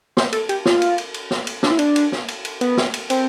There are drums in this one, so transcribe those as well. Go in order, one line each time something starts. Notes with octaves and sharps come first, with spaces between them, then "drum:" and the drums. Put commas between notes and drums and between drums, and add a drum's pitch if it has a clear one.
C5, drum: snare
A4, drum: cymbal
G4, drum: cymbal
F4, drum: snare
drum: cymbal
drum: cymbal
drum: cymbal
drum: snare
drum: cymbal
D4, drum: snare
E4
D4, drum: cymbal
drum: cymbal
drum: snare
drum: cymbal
drum: cymbal
B3, drum: cymbal
drum: snare
drum: cymbal
C4, drum: cymbal